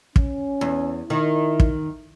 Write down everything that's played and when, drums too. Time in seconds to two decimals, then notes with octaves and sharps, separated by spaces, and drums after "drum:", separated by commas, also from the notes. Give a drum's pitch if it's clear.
0.16 C#4, drum: kick
0.61 E2
1.10 D#3 E4
1.60 drum: kick